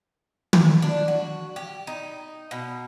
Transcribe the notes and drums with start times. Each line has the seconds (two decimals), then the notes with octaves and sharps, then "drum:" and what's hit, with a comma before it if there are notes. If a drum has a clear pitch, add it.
0.53 drum: tom
0.82 D4
1.08 F#4
1.56 G4
1.87 D#4
2.51 B2